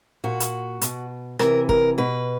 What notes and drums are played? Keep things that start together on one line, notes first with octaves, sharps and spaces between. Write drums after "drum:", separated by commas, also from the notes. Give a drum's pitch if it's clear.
A#2 F#4
drum: hi-hat
B2, drum: hi-hat
C3 E3 A#4, drum: rim click
A#4, drum: kick
B2 B4